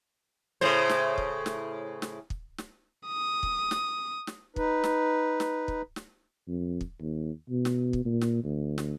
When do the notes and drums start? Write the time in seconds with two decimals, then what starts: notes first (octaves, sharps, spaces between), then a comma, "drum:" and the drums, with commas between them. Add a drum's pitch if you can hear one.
0.61 A2 C#3 C5
0.89 drum: snare
1.18 drum: kick
1.46 drum: snare
2.02 drum: snare
2.30 drum: kick
2.58 drum: snare
3.07 D#6
3.43 drum: kick
3.71 drum: snare
4.27 drum: snare
4.56 D#4 B4, drum: kick
4.84 drum: snare
5.40 drum: snare
5.68 drum: kick
5.96 drum: snare
6.48 F2
6.81 drum: kick
7.01 D#2
7.50 B2
7.65 drum: snare
7.93 drum: kick
8.05 A#2
8.21 drum: snare
8.44 D2
8.78 drum: snare